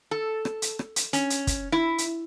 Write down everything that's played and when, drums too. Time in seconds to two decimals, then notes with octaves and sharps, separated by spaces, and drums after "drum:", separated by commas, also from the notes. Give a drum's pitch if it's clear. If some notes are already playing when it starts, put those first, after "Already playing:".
0.11 A4
0.45 drum: rim click
0.62 drum: hi-hat
0.79 drum: rim click
0.96 drum: hi-hat
1.13 C#4, drum: hi-hat
1.30 drum: hi-hat
1.47 drum: kick, hi-hat
1.72 E4
1.98 drum: hi-hat